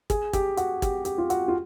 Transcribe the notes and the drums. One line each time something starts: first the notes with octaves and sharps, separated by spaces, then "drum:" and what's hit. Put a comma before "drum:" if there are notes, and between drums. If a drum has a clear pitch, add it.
G#4, drum: kick, hi-hat
G4, drum: kick, hi-hat
F#4, drum: hi-hat
G4, drum: kick, hi-hat
G4, drum: hi-hat
F4
F#4, drum: hi-hat
F4